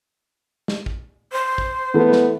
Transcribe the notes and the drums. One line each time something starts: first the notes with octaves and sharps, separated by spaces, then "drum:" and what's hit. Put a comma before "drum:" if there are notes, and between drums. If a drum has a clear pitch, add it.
drum: snare
drum: kick
C5
drum: kick
E3 A3 B3
drum: snare